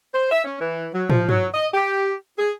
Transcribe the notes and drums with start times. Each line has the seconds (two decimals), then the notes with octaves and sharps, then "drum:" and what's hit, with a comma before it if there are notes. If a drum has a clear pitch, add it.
0.14 C5
0.32 E5
0.44 C#4
0.61 E3
0.94 F#3
1.10 F3, drum: tom
1.29 F#3, drum: tom G2
1.54 D#5
1.74 G4
2.38 G#4